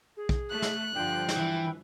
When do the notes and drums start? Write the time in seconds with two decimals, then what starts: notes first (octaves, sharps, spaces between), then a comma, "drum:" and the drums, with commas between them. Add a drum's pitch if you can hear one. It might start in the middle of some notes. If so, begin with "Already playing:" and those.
0.17 G#4
0.29 drum: kick
0.50 A3 F#6
0.62 drum: snare
0.95 G2 D3 F3 G5
1.28 drum: snare
1.37 E3